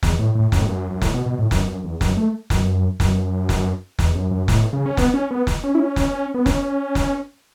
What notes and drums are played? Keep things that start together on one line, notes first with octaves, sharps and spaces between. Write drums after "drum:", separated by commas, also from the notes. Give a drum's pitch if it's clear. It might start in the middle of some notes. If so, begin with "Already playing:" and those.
E2, drum: snare
A2
A2
F#2, drum: snare
A2
F#2
F#2
A2, drum: snare
B2
B2
A2
F#2, drum: snare
F#2
E2
F#2, drum: snare
A3
F#2, drum: snare
F#2, drum: snare
drum: snare
E2, drum: snare
F#2
F#2
A2, drum: snare
C#3
C#4
B3, drum: snare
C#4
B3
drum: snare
C#4
E4
C#4
drum: snare
B3
C#4, drum: snare
drum: snare